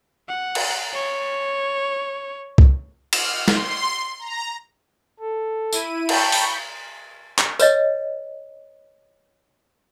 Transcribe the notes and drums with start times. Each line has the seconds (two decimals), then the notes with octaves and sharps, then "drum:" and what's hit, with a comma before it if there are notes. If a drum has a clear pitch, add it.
0.28 F#5
0.55 drum: cymbal
0.94 C#5
2.58 drum: kick C2
3.13 F6, drum: cymbal
3.48 C6, drum: snare
4.19 A#5
5.20 A4
5.73 E4 D#7, drum: tambourine
6.09 G5 A5 B5 C#6 G6, drum: cymbal
6.32 drum: open hi-hat
7.38 drum: clap
7.59 B4 C#5 D#5, drum: tambourine